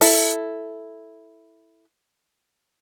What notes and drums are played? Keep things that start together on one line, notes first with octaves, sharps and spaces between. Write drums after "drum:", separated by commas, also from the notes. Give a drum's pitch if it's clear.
E4 A4, drum: open hi-hat